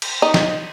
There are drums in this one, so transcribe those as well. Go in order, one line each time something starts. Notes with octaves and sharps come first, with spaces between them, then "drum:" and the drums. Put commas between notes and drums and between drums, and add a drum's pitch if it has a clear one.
drum: cymbal
D#4
drum: snare